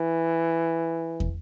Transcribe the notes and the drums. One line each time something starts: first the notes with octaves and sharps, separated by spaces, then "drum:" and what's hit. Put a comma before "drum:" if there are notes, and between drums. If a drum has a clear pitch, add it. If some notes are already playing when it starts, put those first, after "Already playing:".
Already playing: E3
drum: kick